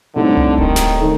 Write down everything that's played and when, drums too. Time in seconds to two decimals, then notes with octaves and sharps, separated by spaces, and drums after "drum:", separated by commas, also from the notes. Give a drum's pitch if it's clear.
0.15 A2 D3 G3 C4 D#4
0.37 drum: tom C2
0.58 D#3, drum: kick D1
0.76 drum: snare
1.00 D#3 A3 D#4